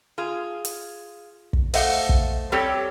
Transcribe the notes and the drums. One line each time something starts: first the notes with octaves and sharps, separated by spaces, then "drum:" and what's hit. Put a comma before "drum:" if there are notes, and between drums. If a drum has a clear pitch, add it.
F4 G#4
drum: hi-hat
drum: kick
A3 C5 D#5 F5 F#5, drum: open hi-hat
drum: kick
G3 C4 G4 A4 C#5